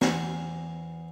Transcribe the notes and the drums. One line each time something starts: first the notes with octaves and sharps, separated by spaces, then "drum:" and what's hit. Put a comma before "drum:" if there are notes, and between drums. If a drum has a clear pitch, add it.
E2 E3 C5 C#6, drum: snare